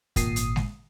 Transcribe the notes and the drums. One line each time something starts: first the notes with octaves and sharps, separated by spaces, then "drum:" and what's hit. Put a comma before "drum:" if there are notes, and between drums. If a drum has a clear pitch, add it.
G#1 A#2 D#6 C7, drum: kick, hi-hat
drum: hi-hat
drum: snare G#3